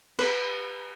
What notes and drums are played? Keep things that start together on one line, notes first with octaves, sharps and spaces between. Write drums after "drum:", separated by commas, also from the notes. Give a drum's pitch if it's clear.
B4, drum: cymbal